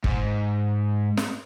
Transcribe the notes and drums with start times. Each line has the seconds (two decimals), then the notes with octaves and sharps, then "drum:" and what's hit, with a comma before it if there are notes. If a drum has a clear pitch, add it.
0.04 G#2, drum: kick G1
1.17 drum: snare